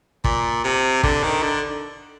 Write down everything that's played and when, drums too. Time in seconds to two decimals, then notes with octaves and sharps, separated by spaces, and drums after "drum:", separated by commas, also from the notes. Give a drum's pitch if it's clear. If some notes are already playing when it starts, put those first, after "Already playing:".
0.24 A#2, drum: kick
0.64 C3
1.03 D3, drum: kick
1.23 D#3
1.43 D3